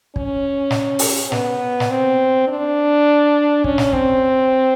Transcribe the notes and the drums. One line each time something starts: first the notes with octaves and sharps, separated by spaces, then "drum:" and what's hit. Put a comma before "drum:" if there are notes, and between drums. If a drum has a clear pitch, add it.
C#4, drum: kick
drum: snare
drum: open hi-hat
B3, drum: snare
drum: snare
C4
D4
C#4, drum: kick
drum: snare
C4, drum: kick